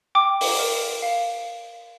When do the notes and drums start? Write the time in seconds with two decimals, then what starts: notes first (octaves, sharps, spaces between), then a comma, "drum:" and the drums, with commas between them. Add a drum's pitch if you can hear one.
0.15 G5 D6
0.41 drum: open hi-hat
0.59 A#4
1.02 F5